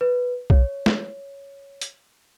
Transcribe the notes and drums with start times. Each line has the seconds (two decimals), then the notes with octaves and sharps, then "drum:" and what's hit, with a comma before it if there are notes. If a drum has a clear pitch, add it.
0.01 B4
0.50 C#5, drum: kick
0.86 drum: snare
1.81 drum: hi-hat